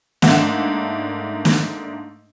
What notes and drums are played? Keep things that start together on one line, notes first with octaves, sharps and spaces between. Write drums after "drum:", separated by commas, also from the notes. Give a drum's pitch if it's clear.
G#2 A3 A#3 D4 F#5 E7, drum: snare
drum: snare